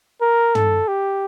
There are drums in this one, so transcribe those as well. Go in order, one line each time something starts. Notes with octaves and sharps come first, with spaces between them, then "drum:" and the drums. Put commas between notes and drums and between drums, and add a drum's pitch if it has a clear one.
A#4
A4, drum: tom
G4